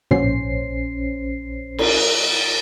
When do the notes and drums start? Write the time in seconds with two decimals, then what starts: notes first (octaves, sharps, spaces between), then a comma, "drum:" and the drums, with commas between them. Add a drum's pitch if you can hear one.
0.11 A#1 C#4 C5 C7, drum: tom
1.78 drum: cymbal